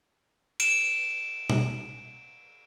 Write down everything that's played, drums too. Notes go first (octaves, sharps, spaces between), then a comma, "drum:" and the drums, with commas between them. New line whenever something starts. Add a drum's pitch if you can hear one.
D7 E7, drum: cymbal
drum: tom B2